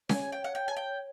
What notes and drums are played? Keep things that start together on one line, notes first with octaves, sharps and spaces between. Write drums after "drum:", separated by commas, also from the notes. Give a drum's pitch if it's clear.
C#5 G#5, drum: snare C#4
G5
F#5
G5
G#5
G5